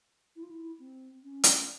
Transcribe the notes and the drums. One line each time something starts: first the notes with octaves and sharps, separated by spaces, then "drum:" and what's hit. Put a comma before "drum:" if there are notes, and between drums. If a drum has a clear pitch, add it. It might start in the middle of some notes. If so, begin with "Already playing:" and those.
E4
F4
E4
C4
C#4
drum: hi-hat